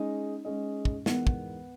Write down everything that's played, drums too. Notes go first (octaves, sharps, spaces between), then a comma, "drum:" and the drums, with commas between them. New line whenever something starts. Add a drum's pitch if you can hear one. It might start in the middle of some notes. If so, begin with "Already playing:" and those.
Already playing: G#3 C#4 D#4 G#4 D#5
G#3 C#4 G#4 D#5
drum: kick
E3 G#3 B3 D#4 A#4, drum: snare
drum: kick